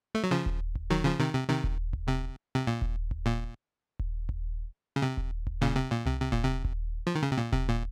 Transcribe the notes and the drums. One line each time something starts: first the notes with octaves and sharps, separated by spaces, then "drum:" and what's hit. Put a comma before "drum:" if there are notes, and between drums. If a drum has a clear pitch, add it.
A3
F#3
C#3 F3
drum: kick D#1
drum: kick D#1
D#3 F#3
C#3 F3
C3 D#3
C3
C3 D#3
drum: kick D#1
drum: kick D#1
C3
C3
A#2
drum: kick D#1
drum: kick D#1
A#2
drum: kick D#1
drum: kick D#1
C#3
C3
drum: kick D#1
drum: kick D#1
A#2 C#3
C3
A#2
C3, drum: tom C2
C3
A#2, drum: kick D#1
C3
drum: kick D#1
F3
D#3
C#3
C3
A#2
C3, drum: kick D#1
A#2